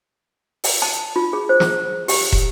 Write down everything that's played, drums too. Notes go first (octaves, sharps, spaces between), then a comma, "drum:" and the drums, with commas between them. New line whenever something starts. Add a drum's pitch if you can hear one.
drum: open hi-hat
A5
F4
G#4
C5
drum: snare
G4, drum: open hi-hat
drum: kick